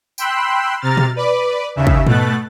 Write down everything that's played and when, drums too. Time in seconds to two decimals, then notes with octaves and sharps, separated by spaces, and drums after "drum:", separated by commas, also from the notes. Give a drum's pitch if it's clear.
0.18 G5 B5 C6 E6 F#6, drum: tambourine
0.81 C3 A#5 F6 A6
0.97 drum: tom B2
1.16 B4 D5
1.76 D#2 C#3 E5
1.87 drum: kick
2.07 B2 A3 F#6 A6, drum: tom G#2